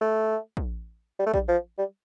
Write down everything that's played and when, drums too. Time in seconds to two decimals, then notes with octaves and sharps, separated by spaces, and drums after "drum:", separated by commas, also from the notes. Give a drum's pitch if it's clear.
0.01 A3
0.57 drum: kick
1.19 G3
1.26 A3
1.34 G3, drum: kick
1.48 F3
1.78 G3